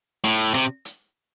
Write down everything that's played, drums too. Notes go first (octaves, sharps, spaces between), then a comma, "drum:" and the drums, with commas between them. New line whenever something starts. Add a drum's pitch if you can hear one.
A2, drum: hi-hat
C3, drum: rim click
drum: hi-hat